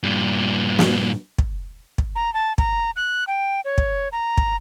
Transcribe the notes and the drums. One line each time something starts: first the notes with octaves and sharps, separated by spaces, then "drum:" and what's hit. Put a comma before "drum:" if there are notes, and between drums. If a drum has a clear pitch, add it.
G2 A#2
drum: snare
drum: kick
drum: kick
A#5
A5
A#5, drum: kick
F#6
G5
C#5
drum: kick
A#5
drum: kick